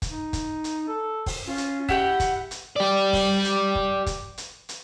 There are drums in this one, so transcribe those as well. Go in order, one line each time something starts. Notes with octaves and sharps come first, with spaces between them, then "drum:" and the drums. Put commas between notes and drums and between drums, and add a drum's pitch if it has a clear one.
drum: kick, hi-hat
D#4
drum: kick, hi-hat
drum: hi-hat
A4
drum: kick, open hi-hat
C#4 F4
drum: hi-hat
E4 G4 F#5 G5, drum: kick
drum: kick, hi-hat
drum: hi-hat
G4 D5
drum: kick, open hi-hat
drum: hi-hat
drum: kick
drum: kick, hi-hat
drum: hi-hat
drum: hi-hat